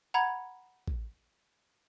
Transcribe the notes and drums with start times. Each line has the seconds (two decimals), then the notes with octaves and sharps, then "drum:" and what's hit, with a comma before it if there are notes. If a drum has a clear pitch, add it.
0.14 F#5 A#5 B5 G#6
0.88 drum: kick A1